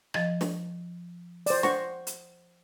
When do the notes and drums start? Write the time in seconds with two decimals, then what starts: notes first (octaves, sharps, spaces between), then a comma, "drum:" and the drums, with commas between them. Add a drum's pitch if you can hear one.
0.14 F3 D#5 A6, drum: rim click
0.41 drum: snare
1.46 C5 D5, drum: open hi-hat
1.63 C5 F#5 C#6 A#6, drum: snare
2.07 drum: hi-hat